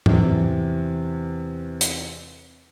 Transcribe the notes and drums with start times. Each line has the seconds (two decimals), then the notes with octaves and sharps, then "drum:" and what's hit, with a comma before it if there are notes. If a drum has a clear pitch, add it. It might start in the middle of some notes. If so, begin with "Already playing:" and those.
0.06 E2 C3, drum: tom G#2
1.81 drum: hi-hat